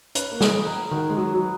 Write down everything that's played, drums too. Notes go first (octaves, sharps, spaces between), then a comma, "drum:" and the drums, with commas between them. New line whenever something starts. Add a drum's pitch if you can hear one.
C#4 B4, drum: hi-hat
A#3
G#4, drum: snare
A#4
D#3 F#4
G#3
F#3 D#5
F#3
B4